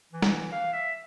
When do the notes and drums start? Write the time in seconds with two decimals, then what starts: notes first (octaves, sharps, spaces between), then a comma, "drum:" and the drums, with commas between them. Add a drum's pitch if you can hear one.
0.12 E3
0.22 drum: snare
0.52 F5
0.73 E5